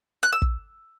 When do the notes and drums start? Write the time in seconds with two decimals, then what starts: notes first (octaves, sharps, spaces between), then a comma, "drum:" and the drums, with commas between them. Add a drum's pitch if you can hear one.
0.23 F#6
0.32 E6
0.42 drum: kick